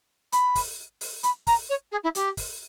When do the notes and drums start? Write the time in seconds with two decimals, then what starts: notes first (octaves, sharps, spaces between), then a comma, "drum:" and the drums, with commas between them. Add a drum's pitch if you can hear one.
0.32 B5, drum: hi-hat
0.55 drum: kick, open hi-hat
1.01 drum: open hi-hat
1.23 B5, drum: hi-hat
1.47 A#5, drum: kick, open hi-hat
1.69 C#5
1.91 G#4
2.03 E4
2.15 G4, drum: hi-hat
2.37 drum: kick, open hi-hat